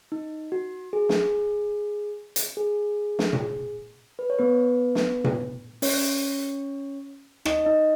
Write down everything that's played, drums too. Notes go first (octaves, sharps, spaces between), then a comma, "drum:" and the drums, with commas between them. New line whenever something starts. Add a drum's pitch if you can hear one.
D#4
F#4
G#4
drum: snare
drum: hi-hat
G#4
drum: snare
drum: tom A#2
B4
C#5
B3 B4
drum: snare
drum: tom A#2
C#4 C#5, drum: open hi-hat
D#4 D#5, drum: rim click
D#4 D#5